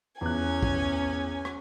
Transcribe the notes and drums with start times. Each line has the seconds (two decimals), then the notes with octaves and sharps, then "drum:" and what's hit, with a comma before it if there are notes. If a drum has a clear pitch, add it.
0.21 E2 C#4 G#5 F#6
0.63 drum: kick
1.45 drum: rim click